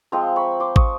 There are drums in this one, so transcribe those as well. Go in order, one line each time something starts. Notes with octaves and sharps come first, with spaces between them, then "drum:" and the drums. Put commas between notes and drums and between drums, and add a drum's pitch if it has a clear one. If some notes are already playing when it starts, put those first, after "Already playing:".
F3 G#3 C4 A#5 C6
B5 C#6
C6 D6
C#6 D#6, drum: kick